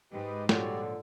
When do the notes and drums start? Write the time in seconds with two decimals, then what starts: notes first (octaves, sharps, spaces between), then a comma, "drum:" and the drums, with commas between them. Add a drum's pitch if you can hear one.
0.13 G#2 G4 B4 D#5
0.49 A#2 D3 F3 G3 F#4 C#5 D5, drum: snare